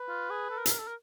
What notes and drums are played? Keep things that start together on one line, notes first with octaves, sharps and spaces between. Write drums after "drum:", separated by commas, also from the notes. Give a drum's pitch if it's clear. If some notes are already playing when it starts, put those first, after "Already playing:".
Already playing: B4
F4
G#4
A4
A#4
A4, drum: hi-hat
A#4
A4
A#4